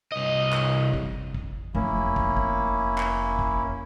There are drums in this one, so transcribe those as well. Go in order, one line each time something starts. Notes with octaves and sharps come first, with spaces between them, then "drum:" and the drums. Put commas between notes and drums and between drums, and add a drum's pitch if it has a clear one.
C2 D#5
drum: clap
drum: kick
drum: kick
F1 A#3 C#4 E4
drum: kick
drum: kick
drum: clap
drum: kick